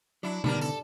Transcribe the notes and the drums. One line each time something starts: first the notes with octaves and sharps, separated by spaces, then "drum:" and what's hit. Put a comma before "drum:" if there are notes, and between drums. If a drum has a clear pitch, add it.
F#3 D4 E4
D3 D#3 G3 B3 D4 A#4, drum: tom B2
A4, drum: tambourine